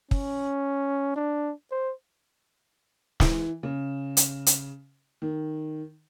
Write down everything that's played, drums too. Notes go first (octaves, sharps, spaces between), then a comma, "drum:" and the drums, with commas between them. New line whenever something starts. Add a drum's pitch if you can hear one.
C#4, drum: kick
D4
C5
E3, drum: snare
C#3
drum: hi-hat
drum: hi-hat
D#3